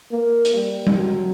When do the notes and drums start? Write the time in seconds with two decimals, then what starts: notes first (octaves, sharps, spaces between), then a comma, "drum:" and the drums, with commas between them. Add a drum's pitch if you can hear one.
0.12 A#3
0.45 drum: hi-hat
0.55 G3
0.87 drum: tom G3
0.97 F#3